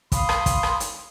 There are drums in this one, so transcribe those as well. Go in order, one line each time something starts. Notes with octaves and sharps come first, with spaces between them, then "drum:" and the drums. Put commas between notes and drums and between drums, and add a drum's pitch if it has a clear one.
F5 B5 C6 D#6, drum: kick, hi-hat
drum: rim click
drum: kick, hi-hat
drum: rim click
drum: hi-hat